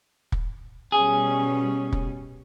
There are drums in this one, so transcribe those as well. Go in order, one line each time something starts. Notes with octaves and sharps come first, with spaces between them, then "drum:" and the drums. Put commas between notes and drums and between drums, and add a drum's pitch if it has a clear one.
drum: kick
B2 G3 C#4 G#4
drum: kick